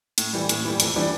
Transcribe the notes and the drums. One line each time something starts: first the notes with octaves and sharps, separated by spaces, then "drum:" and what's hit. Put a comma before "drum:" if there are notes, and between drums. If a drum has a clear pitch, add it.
A2, drum: hi-hat
E3 G3
A2, drum: hi-hat
E3 G3
F2, drum: hi-hat
E3 G3 D4